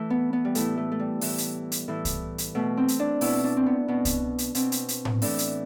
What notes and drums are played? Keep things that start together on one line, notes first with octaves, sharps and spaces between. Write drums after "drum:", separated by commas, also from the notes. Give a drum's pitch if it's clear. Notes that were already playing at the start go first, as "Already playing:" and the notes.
Already playing: E3 A3
B3
B3
G3
A2 E3 A3, drum: hi-hat
A3
A3
G3
A2 E3, drum: open hi-hat
drum: hi-hat
drum: hi-hat
A2 E3
drum: kick C2, hi-hat
drum: hi-hat
B2 A3
C4
drum: hi-hat
D4
B2 E4, drum: open hi-hat
D4
C4
B3
B2 B3
drum: kick C2, hi-hat
drum: hi-hat
B2 C4, drum: hi-hat
drum: hi-hat
drum: hi-hat
drum: tom A2
A2 E3 D4, drum: open hi-hat
drum: hi-hat